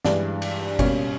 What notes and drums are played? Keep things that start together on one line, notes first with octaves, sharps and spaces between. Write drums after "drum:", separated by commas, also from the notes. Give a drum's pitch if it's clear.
G2 E3 G#3 D4, drum: snare
drum: cymbal
B2 G3 A#3 C#4, drum: kick G1, cymbal